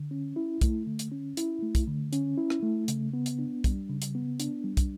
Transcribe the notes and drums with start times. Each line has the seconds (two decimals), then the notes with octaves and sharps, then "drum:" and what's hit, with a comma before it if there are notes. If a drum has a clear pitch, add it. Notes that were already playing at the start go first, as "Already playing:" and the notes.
Already playing: D3
0.11 C#4
0.36 E4
0.61 A3, drum: kick, hi-hat
0.87 D3
0.99 drum: hi-hat
1.12 C#4
1.37 E4, drum: hi-hat
1.62 A3
1.75 drum: kick, hi-hat
1.88 D3
2.13 C#4, drum: hi-hat
2.38 E4
2.50 drum: rim click
2.63 A3
2.88 C#3, drum: hi-hat
3.13 B3
3.26 drum: hi-hat
3.39 D4
3.64 G3, drum: kick, hi-hat
3.90 C#3
4.02 drum: hi-hat
4.15 B3
4.40 D4, drum: hi-hat
4.64 G3
4.77 drum: kick, hi-hat